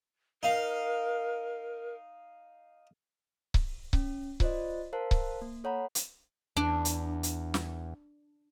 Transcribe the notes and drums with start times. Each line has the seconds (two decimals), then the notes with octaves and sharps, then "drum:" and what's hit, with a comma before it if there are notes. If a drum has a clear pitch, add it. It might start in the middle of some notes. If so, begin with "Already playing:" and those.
0.43 D#4 A#4 F5
3.54 drum: kick C#1
3.93 C#4, drum: kick C#1
4.40 F4 C5 D5 D#5, drum: kick C#1
4.93 A#4 C5 F5 A5
5.11 drum: kick C#1
5.42 A#3
5.64 A4 C#5 F#5 A#5 B5
5.95 drum: hi-hat
6.56 E2 D4
6.85 drum: hi-hat
7.23 drum: hi-hat
7.54 drum: snare